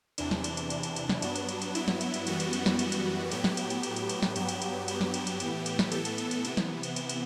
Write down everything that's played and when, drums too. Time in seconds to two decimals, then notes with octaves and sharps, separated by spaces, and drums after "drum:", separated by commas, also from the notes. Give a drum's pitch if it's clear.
0.18 E2 C3 E3 D4, drum: cymbal
0.31 drum: snare
0.44 drum: cymbal
0.57 drum: cymbal
0.70 drum: cymbal
0.83 drum: cymbal
0.96 drum: cymbal
1.09 drum: snare
1.22 G2 F#3 B3, drum: cymbal
1.36 drum: cymbal
1.49 drum: cymbal
1.62 drum: cymbal
1.75 E4, drum: cymbal
1.88 drum: snare
2.01 drum: cymbal
2.14 drum: cymbal
2.27 F#2 E3 G3 B3 F#4, drum: cymbal
2.40 drum: cymbal
2.53 drum: cymbal
2.66 drum: snare
2.79 drum: cymbal
2.92 drum: cymbal
3.32 A2 F#3 B3 G4, drum: cymbal
3.44 drum: snare
3.57 drum: cymbal
3.70 drum: cymbal
3.83 drum: cymbal
3.96 drum: cymbal
4.09 drum: cymbal
4.22 drum: snare
4.36 G2 F#3 B3 G4, drum: cymbal
4.49 drum: cymbal
4.62 drum: cymbal
4.88 G4, drum: cymbal
5.01 drum: snare
5.14 drum: cymbal
5.27 drum: cymbal
5.40 A2 E3 B3, drum: cymbal
5.66 drum: cymbal
5.79 drum: snare
5.92 A4, drum: cymbal
6.05 drum: cymbal
6.18 drum: cymbal
6.31 drum: cymbal
6.45 C3 E3 B3, drum: cymbal
6.57 drum: snare
6.83 drum: cymbal
6.96 drum: cymbal
7.09 drum: cymbal